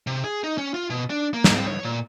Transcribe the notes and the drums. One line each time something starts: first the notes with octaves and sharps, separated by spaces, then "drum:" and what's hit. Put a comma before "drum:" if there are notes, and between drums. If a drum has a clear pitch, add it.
C3
G#4
D#4
C#4
F4
B2
D4
A#3
drum: snare
C4
C#5
A#2